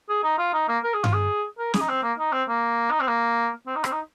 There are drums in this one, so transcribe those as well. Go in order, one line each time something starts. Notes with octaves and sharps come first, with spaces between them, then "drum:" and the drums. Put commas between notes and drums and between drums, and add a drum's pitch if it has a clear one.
G#4
D#4
F4
D#4
A#3
A#4
G#4
F4, drum: tom G2
G#4
A#4
G#4, drum: snare
D#4
C4
A#3
D#4
C4
A#3
D#4
C4
A#3
C4
D#4
C4, drum: rim click
D#4